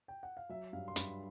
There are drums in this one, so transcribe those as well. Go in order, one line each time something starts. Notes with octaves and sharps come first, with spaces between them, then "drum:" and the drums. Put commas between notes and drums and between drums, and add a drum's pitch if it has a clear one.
G5
F#5
F5
F#3 E5
G2 F5
C6
G2 B5, drum: hi-hat